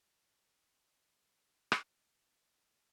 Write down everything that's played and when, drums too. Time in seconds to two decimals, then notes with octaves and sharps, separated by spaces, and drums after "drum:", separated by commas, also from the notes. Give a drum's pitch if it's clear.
0.13 C#6 D#6 E6 G6 G#6 B6
1.72 drum: rim click